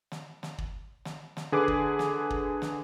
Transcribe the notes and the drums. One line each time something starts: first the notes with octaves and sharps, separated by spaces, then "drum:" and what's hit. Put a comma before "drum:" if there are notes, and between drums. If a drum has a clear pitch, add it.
drum: snare
drum: snare
drum: kick
drum: snare
drum: snare
D3 G#4 B4 D6
drum: kick
drum: snare
drum: kick
drum: snare